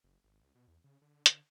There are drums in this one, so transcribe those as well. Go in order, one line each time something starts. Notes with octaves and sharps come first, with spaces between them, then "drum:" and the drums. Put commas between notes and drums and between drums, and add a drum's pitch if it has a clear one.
F#1
G#1
C#2
B2
E2
C#3
D3
D3, drum: hi-hat